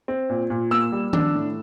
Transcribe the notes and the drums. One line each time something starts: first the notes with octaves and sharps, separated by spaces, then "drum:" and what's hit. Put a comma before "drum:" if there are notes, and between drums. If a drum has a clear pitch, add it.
C4
A#2
A#2
A#3 E6
G3
D4, drum: tom D#3
A2